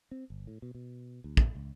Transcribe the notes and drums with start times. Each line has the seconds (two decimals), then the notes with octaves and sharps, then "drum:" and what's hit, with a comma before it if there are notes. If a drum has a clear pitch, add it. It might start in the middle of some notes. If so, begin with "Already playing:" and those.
0.11 C4
0.30 G1
0.47 A2
0.62 B2
0.75 B2
1.24 D2
1.37 drum: kick
1.55 C#2